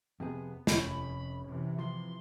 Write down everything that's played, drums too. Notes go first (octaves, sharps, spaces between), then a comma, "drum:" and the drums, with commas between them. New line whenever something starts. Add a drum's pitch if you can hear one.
F2 C3 B3 G#4
F1 C#4 B5, drum: snare
C3 E3
F3 C6